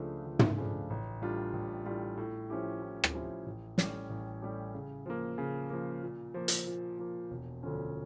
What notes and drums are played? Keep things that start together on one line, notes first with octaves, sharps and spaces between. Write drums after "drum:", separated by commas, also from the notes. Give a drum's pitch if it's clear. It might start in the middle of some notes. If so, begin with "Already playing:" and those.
Already playing: C#2 C#3 F3 A3 D4
C#2
drum: tom
C#3 F3 A3 D4
A1
A2 G3 D4 F4
A1
A2 G3 D4 F4
A2
F3 C#4 E4 G4
A2
drum: rim click
F3 C#4 E4 G4
A1
A2 G3 C#4 G4, drum: snare
A1
A2 G3 C#4 G4
C#3
F3 A#3
C#3
F3 A#3
A#2
F3 A#3
drum: hi-hat
A#2
F3 A#3
E1
D2 D3 F3 C#4